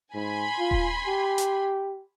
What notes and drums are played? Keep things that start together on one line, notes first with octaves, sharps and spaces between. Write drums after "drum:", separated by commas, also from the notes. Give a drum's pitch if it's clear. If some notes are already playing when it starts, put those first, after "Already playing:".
G#2 G#5 B5 C6
F4
drum: kick D#1
G4
drum: hi-hat